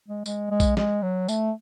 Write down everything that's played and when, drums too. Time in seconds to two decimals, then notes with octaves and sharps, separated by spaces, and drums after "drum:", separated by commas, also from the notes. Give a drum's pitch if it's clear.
0.08 G#3
0.26 G#3, drum: tambourine
0.51 G#3
0.60 drum: kick, tambourine
0.77 G#3, drum: snare
1.03 F#3
1.28 A3, drum: tambourine